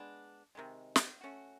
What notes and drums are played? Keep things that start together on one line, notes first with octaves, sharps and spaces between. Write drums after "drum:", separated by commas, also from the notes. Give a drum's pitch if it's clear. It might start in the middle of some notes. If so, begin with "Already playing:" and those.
Already playing: G#3 B3 D4
C3 D#3 G#3
drum: snare
A3 C#4 F#4